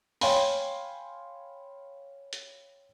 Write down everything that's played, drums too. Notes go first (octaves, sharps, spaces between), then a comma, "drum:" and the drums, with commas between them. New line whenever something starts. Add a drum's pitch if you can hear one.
C#5 F5 G5 G#5 B5 C6, drum: open hi-hat
drum: hi-hat